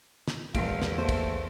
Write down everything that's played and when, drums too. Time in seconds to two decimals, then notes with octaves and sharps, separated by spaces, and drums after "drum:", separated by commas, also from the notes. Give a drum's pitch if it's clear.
0.28 drum: snare
0.55 E1 E2 F5 D7, drum: kick, cymbal
0.82 drum: snare
0.98 D#2 A3 C5
1.09 drum: kick, cymbal